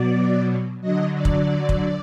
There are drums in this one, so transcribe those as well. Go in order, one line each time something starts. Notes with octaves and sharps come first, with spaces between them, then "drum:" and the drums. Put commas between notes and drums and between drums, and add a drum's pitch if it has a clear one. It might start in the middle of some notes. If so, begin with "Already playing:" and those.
Already playing: B2 F#3 D5
D3 F#3 D#5
D5
drum: kick
drum: kick